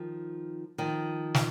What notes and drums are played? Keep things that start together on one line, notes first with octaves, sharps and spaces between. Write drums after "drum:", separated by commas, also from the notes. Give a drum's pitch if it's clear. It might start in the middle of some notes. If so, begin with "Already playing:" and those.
Already playing: D#3 F3
D#3 F3
drum: snare